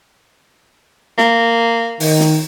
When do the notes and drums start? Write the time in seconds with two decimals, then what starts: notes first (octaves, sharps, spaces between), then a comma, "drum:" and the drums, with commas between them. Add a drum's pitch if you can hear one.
1.18 A#3, drum: snare
2.00 D#3, drum: open hi-hat
2.20 drum: snare